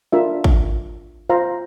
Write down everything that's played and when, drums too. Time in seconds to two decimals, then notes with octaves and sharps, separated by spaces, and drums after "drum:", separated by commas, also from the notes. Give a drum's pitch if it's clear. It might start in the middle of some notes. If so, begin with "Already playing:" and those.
0.12 D4 F4 A#4 E5
0.44 drum: kick
1.30 F4 C5 F5 A#5